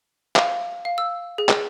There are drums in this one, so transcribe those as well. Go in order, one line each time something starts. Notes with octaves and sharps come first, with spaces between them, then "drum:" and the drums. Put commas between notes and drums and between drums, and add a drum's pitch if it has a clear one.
F5, drum: clap
F5
E6
G#4
drum: clap